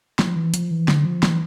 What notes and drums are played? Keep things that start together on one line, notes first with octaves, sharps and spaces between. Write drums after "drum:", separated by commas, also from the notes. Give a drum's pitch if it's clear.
F3, drum: snare
E3
F3, drum: hi-hat
E3
D3, drum: snare
F3
E3, drum: snare